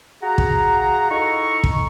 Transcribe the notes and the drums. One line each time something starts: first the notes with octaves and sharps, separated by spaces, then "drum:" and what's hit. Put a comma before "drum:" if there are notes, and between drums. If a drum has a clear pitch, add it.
F#4 G#4 F5 F#5 A#5
drum: kick
D#4 E4 A4 A#5 C#6
drum: kick